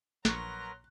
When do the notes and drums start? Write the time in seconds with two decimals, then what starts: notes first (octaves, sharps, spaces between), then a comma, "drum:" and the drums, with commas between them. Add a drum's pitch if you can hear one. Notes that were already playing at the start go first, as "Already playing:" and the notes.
0.25 A#1 F#3 A#4 B4 A#5 C6 C#6 F#6, drum: snare